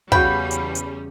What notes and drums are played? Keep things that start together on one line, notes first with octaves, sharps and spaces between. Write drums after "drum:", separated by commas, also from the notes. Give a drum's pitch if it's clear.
E2 C#3 G3 C#4 F#4 G5 B5, drum: kick
drum: hi-hat
drum: hi-hat